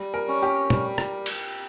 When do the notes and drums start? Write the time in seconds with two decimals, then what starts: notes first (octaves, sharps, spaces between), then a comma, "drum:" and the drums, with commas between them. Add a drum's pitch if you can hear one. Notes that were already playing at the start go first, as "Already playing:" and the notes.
Already playing: G3
0.14 A#4
0.28 C#4
0.43 G4
0.70 G3, drum: tom
0.98 drum: rim click
1.26 drum: cymbal